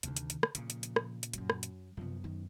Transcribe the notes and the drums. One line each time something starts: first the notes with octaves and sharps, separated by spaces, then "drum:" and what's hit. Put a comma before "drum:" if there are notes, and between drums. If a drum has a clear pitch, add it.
D2 C3 D#3, drum: hi-hat
drum: hi-hat
drum: hi-hat
drum: rim click
A#2 C#3 F3, drum: hi-hat
drum: hi-hat
drum: hi-hat
drum: rim click
drum: hi-hat
F#2 F#3, drum: hi-hat
drum: rim click
drum: hi-hat
F#2 C3 F3 B3
D#3